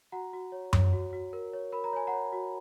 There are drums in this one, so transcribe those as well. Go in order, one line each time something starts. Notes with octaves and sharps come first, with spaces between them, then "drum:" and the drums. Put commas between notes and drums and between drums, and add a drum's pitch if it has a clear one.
F#4 F#5 A#5
F#4
C#5
C#5, drum: tom F#2
F#4
F#4
A#4
C#5
A#4 B5
A#5
C#5 G#5
F#5 A#5
C#5
F#4